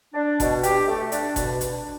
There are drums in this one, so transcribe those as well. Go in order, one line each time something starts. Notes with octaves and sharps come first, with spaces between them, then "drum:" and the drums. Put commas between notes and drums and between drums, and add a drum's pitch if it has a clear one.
D4
B2, drum: kick F#1, hi-hat
G4, drum: hi-hat
A3
D4, drum: hi-hat
B2, drum: kick F#1, hi-hat
D4, drum: hi-hat